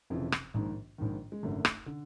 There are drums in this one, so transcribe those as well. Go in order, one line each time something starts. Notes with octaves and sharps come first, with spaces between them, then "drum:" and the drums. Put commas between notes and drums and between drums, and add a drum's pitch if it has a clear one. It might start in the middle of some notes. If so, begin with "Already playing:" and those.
F1 F2 C#3 E3
drum: rim click
A#1 G#2 D#3
A#1 G#2 D#3
G#3
G#1 F#2 D3 A3
drum: rim click
D3